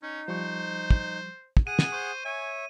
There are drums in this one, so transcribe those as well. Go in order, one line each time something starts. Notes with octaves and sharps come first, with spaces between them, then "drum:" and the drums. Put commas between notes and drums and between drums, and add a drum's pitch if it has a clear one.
C#4 D#4
F3 G3 C5 C#6
drum: kick
drum: kick
G#4 F#5 D#6 D#7
drum: snare
C5 C#6
C#5 E5 G#5